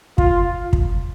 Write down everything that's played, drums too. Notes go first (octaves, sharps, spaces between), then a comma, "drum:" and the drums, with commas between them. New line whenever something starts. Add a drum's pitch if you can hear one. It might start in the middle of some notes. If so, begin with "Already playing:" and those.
F4, drum: kick
drum: kick